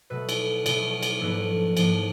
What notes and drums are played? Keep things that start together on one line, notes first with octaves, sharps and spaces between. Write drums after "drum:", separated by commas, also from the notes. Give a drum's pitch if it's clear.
B2 F#3 A3 A4 B4
drum: cymbal
B2 F#3 A3, drum: cymbal
drum: cymbal
G#2 F3 A#3 D4 A4 B4
G#2 F3 A#3 D4, drum: cymbal